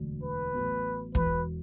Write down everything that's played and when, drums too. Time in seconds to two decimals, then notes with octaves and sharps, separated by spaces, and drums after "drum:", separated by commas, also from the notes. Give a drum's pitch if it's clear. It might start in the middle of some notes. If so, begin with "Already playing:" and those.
Already playing: E1 D2 D3 F#3 D4
0.22 B4
0.53 A1 A2 F#3 B3
1.15 E1 E2 B2 B4, drum: kick